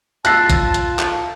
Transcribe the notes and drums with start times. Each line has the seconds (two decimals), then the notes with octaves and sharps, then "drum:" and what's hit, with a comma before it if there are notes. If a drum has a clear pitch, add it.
0.25 F4 A5 E6 F#6 A6 A#6 C7, drum: hi-hat
0.50 drum: kick A1, hi-hat
0.74 drum: hi-hat
0.99 drum: clap